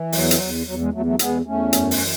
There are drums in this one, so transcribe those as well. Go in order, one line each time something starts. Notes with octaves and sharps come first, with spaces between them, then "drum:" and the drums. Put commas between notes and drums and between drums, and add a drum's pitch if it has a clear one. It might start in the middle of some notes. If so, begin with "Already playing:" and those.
Already playing: E3
E2 F#3, drum: open hi-hat
drum: hi-hat
E2
E2 F#3
G#3
E2 F#3 A3
F#3 A3
E2 G#3 B3, drum: hi-hat
E2 A3 C#4
F#2, drum: hi-hat
drum: open hi-hat
E3